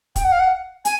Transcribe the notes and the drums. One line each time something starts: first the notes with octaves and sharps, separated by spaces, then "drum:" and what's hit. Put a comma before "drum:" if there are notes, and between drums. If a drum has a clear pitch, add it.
G5, drum: kick, hi-hat
F#5
F5
F#5
G#5, drum: hi-hat